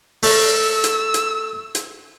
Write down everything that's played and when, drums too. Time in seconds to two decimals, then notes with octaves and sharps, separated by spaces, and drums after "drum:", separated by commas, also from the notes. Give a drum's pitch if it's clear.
0.23 A3 E6, drum: open hi-hat
0.84 drum: hi-hat
1.14 drum: hi-hat
1.75 drum: hi-hat